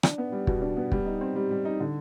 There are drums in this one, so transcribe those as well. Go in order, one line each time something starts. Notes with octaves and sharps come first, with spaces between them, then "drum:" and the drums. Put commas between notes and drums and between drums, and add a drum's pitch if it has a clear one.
D4, drum: rim click
B3
G3
B2, drum: kick
D4
B3
G3, drum: kick
D#4
C4
G3
G3
D#4
D3